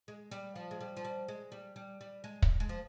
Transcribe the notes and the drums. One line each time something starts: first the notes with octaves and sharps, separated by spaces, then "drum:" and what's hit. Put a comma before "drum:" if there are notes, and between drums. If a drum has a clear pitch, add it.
G#3
G3
F3
G#3
G3
F3
G3
G#3
G3
G3
G3
G#3
drum: kick
G#3
F3